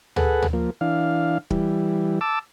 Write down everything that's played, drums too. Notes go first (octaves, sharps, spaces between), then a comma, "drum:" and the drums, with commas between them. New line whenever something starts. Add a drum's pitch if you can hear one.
G#4 A4 B4 F#5, drum: tom
drum: tom
F3 A#3
E3 D4 F5
E3 G3, drum: kick
A5 D6 E6